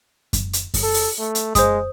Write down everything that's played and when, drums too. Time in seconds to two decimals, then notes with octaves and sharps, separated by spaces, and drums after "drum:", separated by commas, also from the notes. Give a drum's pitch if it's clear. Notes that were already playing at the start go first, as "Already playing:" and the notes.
0.33 drum: kick F#2, hi-hat
0.53 drum: hi-hat
0.74 drum: kick F#2, open hi-hat
0.83 A4
0.94 drum: open hi-hat
1.19 A3
1.35 drum: hi-hat
1.55 G#3 C5 D#6, drum: kick F#2, hi-hat